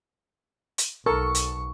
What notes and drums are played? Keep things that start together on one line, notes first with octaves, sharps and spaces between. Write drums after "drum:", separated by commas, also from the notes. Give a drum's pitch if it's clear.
drum: hi-hat
B1 A4 A#4 C#6
drum: hi-hat